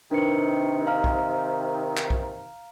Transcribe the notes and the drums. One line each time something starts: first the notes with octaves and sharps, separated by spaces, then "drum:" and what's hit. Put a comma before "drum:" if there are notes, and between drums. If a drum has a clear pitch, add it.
C3 D#3 D4 B4 C#7
F5 A#5 F6
drum: kick B1
drum: clap
drum: kick B1